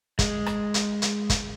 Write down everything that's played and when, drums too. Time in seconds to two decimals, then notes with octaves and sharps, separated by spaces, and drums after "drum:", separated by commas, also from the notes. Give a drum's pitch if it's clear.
0.19 G#3, drum: kick, hi-hat
0.46 drum: rim click
0.74 drum: hi-hat
1.02 drum: hi-hat
1.30 drum: kick, hi-hat